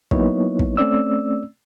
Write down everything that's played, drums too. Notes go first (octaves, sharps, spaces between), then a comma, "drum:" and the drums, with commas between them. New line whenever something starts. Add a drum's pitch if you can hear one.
F#3 A#3 B3 D#4 E4 C#5, drum: kick
drum: kick
A3 C4 C#4 D5 E6